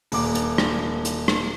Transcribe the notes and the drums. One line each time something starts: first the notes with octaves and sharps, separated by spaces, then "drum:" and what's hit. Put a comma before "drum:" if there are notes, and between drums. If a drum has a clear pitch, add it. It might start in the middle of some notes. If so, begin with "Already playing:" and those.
D#1 D6, drum: open hi-hat
drum: hi-hat
drum: rim click
drum: hi-hat
drum: rim click